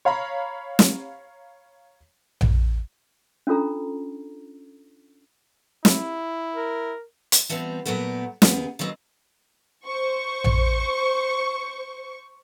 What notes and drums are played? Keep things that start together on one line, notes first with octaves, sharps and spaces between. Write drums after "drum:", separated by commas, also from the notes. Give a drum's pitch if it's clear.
C#5 F5 A#5 B5
drum: snare
drum: tom A#1
C#4 D4 F4 A4 A#5
E4, drum: snare
A#4
drum: hi-hat
E3 F3 G3 B3 C4
A#2 F#3 G3 A3 B3 A#4
D#2 C#3 B3 G#4 A#4, drum: snare
D#3 E3 F#3 C4 D#5
C5 C#6
drum: tom A#1